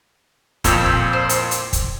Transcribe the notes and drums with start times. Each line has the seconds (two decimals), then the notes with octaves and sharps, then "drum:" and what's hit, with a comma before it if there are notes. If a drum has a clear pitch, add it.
0.64 F2 A#2 G4 A#4 C5 E6, drum: kick, hi-hat
0.86 drum: kick
1.13 C5
1.29 drum: hi-hat
1.51 drum: hi-hat
1.73 drum: kick, hi-hat